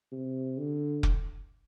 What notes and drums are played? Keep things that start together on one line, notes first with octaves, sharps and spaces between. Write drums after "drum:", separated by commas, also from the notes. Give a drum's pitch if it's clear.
C3
D3
drum: kick F1